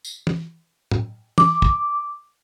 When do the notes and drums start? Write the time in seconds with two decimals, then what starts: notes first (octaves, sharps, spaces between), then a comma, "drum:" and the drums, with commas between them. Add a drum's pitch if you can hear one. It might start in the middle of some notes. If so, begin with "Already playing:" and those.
0.05 drum: tambourine
0.27 drum: tom
0.91 drum: tom
1.38 D6, drum: tom
1.62 drum: kick